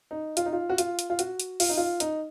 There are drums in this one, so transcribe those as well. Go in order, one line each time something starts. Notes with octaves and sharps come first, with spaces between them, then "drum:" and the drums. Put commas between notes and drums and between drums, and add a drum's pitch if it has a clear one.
D#4
F4, drum: hi-hat
D#4
F4
F#4
F4, drum: hi-hat
drum: hi-hat
F4
F#4, drum: hi-hat
drum: hi-hat
F4, drum: open hi-hat
D#4
F4
D#4, drum: hi-hat